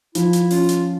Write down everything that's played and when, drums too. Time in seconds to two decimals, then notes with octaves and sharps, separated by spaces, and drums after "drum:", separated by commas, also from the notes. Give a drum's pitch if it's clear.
0.15 F3 E4, drum: hi-hat
0.33 drum: hi-hat
0.51 C#4 F4, drum: open hi-hat
0.69 drum: hi-hat